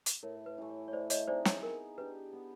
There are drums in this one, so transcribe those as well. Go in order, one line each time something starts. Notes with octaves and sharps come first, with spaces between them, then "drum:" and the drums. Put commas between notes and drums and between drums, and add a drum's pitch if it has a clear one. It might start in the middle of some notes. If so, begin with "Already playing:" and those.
drum: hi-hat
A2 A#4
B4
E3 A3
C#5
C#5
A3 C5 D5
C#5 D#5, drum: hi-hat
C4 D#4 G#4 C5 D5
C#5, drum: snare
B3 A#4
D4 G4 B4
B3